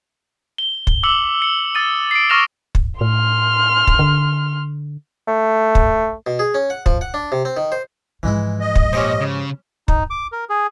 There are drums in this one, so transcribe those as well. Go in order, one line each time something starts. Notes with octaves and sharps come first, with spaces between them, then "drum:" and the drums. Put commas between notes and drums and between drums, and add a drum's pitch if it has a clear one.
G7
drum: kick
D6 E6 C#7 F#7 G7
C#7
D#6 A6 D#7
C7 D7
C#6 D6 F6 A#6 E7 F7
drum: kick
A2 C6 F6
drum: kick
D3
A3
drum: kick
B2
G#4
C#4
F#5
F3, drum: kick
F#5
D4
C3
C4
D#3
C5
G#2 E3 F3 G#3 E4
D#5
drum: kick
A#2 C#4 G4 C5
C#3
D#4, drum: kick
D6
A#4
G#4